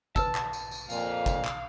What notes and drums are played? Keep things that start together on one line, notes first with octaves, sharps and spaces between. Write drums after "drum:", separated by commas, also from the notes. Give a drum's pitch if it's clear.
B4 A5 E6, drum: kick, tambourine
drum: clap
drum: tambourine
drum: tambourine
F2 A#2 F5, drum: tambourine
drum: kick, tambourine
drum: clap